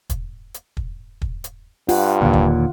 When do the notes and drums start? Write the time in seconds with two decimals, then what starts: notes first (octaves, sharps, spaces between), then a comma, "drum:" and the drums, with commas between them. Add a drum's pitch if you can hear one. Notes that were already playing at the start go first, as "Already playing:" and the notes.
0.10 drum: kick, hi-hat
0.54 drum: hi-hat
0.77 drum: kick
1.22 drum: kick
1.44 drum: hi-hat
1.89 G2 F4 F#5, drum: open hi-hat
2.22 D#2 A#2 D3
2.33 drum: kick